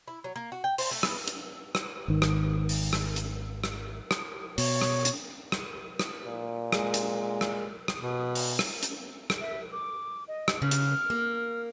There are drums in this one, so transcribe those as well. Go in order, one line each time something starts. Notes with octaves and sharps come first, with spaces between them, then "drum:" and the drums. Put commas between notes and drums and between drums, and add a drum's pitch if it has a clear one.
E4
F#3
A#3
F#4
G5
C5, drum: open hi-hat
A3
B3, drum: rim click
drum: hi-hat
drum: rim click
G#1 D#3
drum: rim click
drum: open hi-hat
drum: rim click
drum: hi-hat
drum: rim click
drum: rim click
B2 C#5, drum: open hi-hat
drum: rim click
drum: hi-hat
drum: rim click
drum: rim click
A#2
G#3, drum: rim click
drum: hi-hat
drum: rim click
drum: rim click
B2
drum: open hi-hat
drum: rim click
drum: hi-hat
drum: rim click
E5
D6
D#5
drum: rim click
C#3 F6
drum: hi-hat
A#3